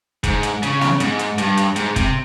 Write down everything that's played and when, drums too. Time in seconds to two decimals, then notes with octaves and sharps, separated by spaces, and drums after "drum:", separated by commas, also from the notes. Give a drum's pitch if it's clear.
0.24 G#2, drum: kick, hi-hat
0.43 drum: hi-hat
0.63 C#3, drum: hi-hat
0.81 drum: snare
1.00 G#2, drum: hi-hat
1.19 drum: hi-hat
1.38 G2, drum: hi-hat
1.57 drum: hi-hat
1.76 G#2, drum: hi-hat
1.96 C3, drum: kick, hi-hat